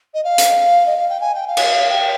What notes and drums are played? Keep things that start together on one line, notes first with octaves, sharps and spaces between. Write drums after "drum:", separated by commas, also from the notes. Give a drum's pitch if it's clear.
D#5
F5
drum: hi-hat
D#5
F5
G5
G#5
G5
F5
drum: cymbal
G5